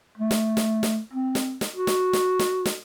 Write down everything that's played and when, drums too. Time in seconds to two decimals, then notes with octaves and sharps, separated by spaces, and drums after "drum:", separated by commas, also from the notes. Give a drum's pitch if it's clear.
0.18 A3
0.31 drum: snare
0.57 drum: snare
0.83 drum: snare
1.13 C4
1.35 drum: snare
1.61 drum: snare
1.74 F#4
1.87 drum: snare
2.13 drum: snare
2.39 drum: snare
2.66 drum: snare